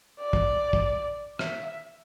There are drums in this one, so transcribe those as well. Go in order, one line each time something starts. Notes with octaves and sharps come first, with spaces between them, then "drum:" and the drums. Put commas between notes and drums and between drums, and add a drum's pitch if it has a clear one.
D5
drum: kick
drum: kick
E5, drum: rim click